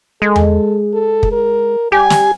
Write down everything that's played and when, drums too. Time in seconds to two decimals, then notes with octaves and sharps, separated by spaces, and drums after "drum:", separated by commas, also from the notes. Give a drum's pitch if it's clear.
0.22 G#3 A4
0.36 drum: tom E2
0.94 A4
1.23 drum: kick
1.32 A#4
1.92 G3 G4 G#5
2.10 drum: snare